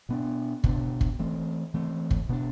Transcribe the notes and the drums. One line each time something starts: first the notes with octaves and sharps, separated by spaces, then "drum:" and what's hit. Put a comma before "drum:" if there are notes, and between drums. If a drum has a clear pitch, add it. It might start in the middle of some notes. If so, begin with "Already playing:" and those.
B2 B3 D4
B2 B3 D4, drum: kick
drum: kick
E3 A3 C4
E3 A3 C4
drum: kick
B2 B3 D4